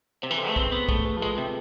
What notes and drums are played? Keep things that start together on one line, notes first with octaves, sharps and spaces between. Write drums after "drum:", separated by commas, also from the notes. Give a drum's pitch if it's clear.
C3 C5
E3 B4
C3 A4
A3 G#4 B4
C4, drum: kick
B3
A3, drum: kick
G#4 B4
F3
G#3 F4 A4
C3